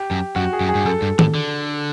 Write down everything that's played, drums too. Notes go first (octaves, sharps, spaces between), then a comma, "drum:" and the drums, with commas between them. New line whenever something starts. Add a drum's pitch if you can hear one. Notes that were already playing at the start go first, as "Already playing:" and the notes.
Already playing: G4
F#2
F#2 F#4
G#4
F#2
G#4
G2
F#2 A4
G2
A2, drum: tom D#3
D3